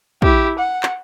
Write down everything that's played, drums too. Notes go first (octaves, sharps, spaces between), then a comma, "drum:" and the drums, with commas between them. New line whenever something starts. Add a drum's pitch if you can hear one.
E4 G4, drum: kick
F#5
drum: clap